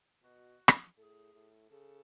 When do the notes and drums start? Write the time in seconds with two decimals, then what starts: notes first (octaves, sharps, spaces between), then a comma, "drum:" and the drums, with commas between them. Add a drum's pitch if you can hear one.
0.22 B2 F#4
0.68 drum: rim click
0.97 A2 A4
1.02 G#4
1.34 A2
1.70 C#3 A4